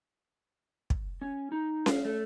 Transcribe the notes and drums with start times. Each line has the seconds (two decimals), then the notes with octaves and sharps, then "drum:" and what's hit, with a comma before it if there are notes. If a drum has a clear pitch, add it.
0.90 drum: kick
1.21 C#4
1.52 D#4
1.86 F5, drum: snare C#4
2.05 A3